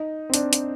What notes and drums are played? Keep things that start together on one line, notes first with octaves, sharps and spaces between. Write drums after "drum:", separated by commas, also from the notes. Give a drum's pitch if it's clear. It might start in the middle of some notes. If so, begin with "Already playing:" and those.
Already playing: D#4
C4
D4, drum: hi-hat
drum: hi-hat